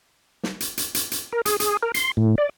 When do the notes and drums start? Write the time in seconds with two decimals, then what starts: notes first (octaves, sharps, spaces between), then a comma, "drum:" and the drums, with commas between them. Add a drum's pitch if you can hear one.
0.43 drum: snare
0.60 drum: hi-hat
0.77 drum: hi-hat
0.94 drum: hi-hat
1.12 drum: hi-hat
1.33 A#4
1.46 G#4, drum: hi-hat
1.60 G#4, drum: hi-hat
1.83 A#4
1.94 C6, drum: hi-hat
2.17 A2
2.38 D5